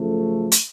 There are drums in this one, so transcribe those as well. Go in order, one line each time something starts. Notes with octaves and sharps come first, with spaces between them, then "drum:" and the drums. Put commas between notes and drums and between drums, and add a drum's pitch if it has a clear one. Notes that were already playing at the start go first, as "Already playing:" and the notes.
Already playing: F#2 C#3 F3 A3
drum: hi-hat